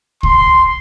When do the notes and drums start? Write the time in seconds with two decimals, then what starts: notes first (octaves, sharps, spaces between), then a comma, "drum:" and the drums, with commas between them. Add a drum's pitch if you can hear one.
0.23 C6, drum: kick C2